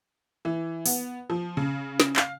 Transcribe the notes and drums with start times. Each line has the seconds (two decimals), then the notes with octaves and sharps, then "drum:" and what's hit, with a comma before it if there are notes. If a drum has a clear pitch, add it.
0.45 E3
0.86 B3, drum: open hi-hat
1.30 F3
1.57 C#3
2.00 drum: snare
2.16 F5, drum: clap